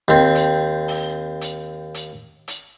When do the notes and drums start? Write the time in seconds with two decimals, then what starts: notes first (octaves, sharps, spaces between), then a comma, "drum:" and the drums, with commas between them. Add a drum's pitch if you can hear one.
0.08 D#2 C4
0.35 drum: hi-hat
0.88 drum: open hi-hat
1.41 drum: hi-hat
1.94 drum: hi-hat
2.48 drum: hi-hat